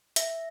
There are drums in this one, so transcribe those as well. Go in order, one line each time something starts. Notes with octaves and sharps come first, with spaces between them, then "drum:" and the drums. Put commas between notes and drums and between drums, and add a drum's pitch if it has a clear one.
E5, drum: hi-hat